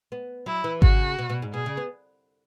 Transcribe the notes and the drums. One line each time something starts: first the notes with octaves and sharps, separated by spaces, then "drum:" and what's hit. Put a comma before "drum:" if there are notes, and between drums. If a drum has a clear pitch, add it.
B3
F#3 E4
E3
C#3 F#4, drum: kick G#1
B2
B2
G#2
B2 G#4
C#3
B3